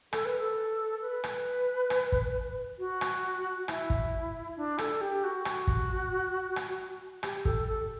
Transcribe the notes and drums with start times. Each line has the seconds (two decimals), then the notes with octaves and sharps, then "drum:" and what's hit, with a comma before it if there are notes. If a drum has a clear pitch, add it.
0.13 A4, drum: rim click
0.25 B4
0.38 A4
1.01 B4
1.24 drum: rim click
1.90 drum: rim click
2.12 drum: kick
2.79 F#4
3.01 drum: rim click
3.68 E4, drum: rim click
3.90 drum: kick
4.56 D4
4.78 A4, drum: rim click
5.01 G4
5.24 F#4
5.45 drum: rim click
5.67 drum: kick
6.56 drum: rim click
7.23 G4, drum: rim click
7.45 A4, drum: kick
7.68 A4